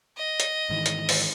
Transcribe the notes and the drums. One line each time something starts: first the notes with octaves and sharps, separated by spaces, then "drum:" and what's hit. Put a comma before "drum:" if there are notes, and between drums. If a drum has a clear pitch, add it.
D#5
drum: hi-hat
G#2 D#3 E3
drum: hi-hat
drum: open hi-hat